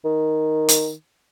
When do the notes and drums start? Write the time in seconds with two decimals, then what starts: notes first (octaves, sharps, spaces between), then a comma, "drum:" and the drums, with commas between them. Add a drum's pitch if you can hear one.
0.04 D#3
0.69 drum: hi-hat